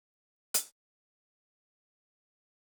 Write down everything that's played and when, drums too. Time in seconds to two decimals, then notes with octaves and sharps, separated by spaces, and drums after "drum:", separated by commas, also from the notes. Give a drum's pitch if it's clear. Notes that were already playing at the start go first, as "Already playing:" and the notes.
0.10 A1 G3 G4
0.54 drum: hi-hat
1.76 G5 E6